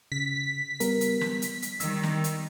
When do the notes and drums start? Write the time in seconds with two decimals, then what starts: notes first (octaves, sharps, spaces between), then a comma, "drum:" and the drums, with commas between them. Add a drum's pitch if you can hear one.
0.12 C#3 B6
0.80 G3 B3 A#4, drum: hi-hat
1.01 drum: hi-hat
1.21 drum: snare
1.42 drum: hi-hat
1.62 drum: hi-hat
1.80 D#3 G3 E6, drum: hi-hat
2.03 drum: snare
2.24 drum: hi-hat